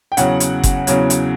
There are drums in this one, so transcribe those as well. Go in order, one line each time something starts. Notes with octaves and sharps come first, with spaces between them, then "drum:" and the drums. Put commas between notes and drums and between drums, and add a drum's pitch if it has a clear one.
G5
E2 C#3 F#3 F#5, drum: hi-hat
drum: hi-hat
drum: kick F#1, hi-hat
E2 C#3 F#3, drum: hi-hat
drum: hi-hat